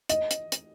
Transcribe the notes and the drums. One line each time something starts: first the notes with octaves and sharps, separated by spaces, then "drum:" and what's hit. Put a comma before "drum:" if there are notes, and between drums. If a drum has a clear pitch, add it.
D#5, drum: hi-hat
drum: hi-hat
drum: hi-hat